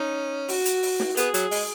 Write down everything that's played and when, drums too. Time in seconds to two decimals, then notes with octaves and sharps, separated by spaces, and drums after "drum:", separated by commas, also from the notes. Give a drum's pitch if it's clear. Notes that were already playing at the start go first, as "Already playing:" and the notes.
Already playing: C#4 D#4
0.49 F#4, drum: open hi-hat
0.66 drum: hi-hat
0.83 drum: open hi-hat
1.00 drum: snare
1.17 B3 G#4, drum: hi-hat
1.34 F#3, drum: hi-hat
1.51 G#3, drum: open hi-hat